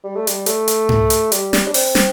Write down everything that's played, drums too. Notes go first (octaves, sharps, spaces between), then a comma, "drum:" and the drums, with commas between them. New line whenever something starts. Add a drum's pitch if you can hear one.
G3
A3
G3, drum: hi-hat
A3, drum: hi-hat
drum: hi-hat
drum: tom G#2
drum: hi-hat
G3, drum: hi-hat
G3, drum: snare
D4
C4, drum: open hi-hat
drum: snare